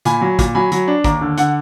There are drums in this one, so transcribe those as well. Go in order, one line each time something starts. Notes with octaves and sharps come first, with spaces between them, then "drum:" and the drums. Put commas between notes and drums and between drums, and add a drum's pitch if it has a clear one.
A#2 G#5 B5, drum: hi-hat
F#3
A#2, drum: kick, hi-hat
F#3 G#5 B5
F#3, drum: hi-hat
D4
D#2 A#5 D6, drum: kick, hi-hat
D3
D3 F#5, drum: hi-hat